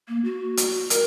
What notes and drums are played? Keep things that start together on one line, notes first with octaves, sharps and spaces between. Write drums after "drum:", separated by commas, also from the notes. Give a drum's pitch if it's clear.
A#3
F#4
drum: hi-hat
A#4, drum: hi-hat